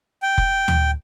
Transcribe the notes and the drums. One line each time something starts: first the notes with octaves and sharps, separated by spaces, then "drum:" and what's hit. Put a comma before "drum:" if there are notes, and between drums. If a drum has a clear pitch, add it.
G5
drum: kick F1
drum: tom